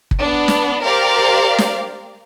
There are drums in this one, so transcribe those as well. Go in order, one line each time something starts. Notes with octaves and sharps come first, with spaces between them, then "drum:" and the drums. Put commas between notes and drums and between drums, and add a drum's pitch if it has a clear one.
drum: kick
B3 D4
drum: snare
G4 A#4 C5 D5 F5
drum: snare